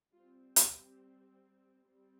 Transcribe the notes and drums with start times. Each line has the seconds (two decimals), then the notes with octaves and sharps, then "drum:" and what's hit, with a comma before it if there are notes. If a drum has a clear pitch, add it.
0.13 G3 C4 F4
0.56 G4, drum: hi-hat
1.84 G3 C4